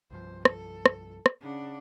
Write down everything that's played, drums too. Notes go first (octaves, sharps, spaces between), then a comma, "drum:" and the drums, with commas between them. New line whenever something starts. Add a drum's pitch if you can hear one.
C2 G2 F3 C5
A4, drum: rim click
drum: rim click
drum: rim click
C#3 D4 F#5